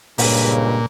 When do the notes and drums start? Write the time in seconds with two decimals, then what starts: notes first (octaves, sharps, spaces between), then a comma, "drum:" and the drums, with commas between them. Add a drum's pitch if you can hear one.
0.18 C#2 G2 A#2 C#3, drum: open hi-hat